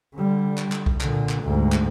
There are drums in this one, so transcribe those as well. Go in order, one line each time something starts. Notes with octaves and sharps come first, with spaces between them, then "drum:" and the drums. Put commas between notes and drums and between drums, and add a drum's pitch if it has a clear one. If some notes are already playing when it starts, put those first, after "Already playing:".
D3 G3
drum: clap
drum: clap
drum: kick B1
A#2 D3, drum: clap
drum: clap
D2 G#2
drum: clap